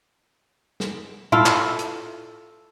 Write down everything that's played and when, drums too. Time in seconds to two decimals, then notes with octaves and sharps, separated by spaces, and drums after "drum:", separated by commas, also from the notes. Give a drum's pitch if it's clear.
0.80 drum: snare
1.32 E4 F4 A4, drum: tom
1.46 drum: clap
1.79 drum: hi-hat